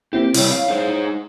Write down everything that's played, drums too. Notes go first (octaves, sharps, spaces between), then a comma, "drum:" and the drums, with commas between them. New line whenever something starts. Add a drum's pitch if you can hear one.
A#3 C4 E4 G4
C3 G3 C4 E4 C#5, drum: open hi-hat
F5
D#4 G#4 C5